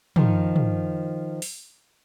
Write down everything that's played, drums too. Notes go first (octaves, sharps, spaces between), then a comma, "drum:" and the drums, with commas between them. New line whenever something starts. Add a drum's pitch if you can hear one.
D#3 F3 D#4, drum: tom
drum: tom
drum: open hi-hat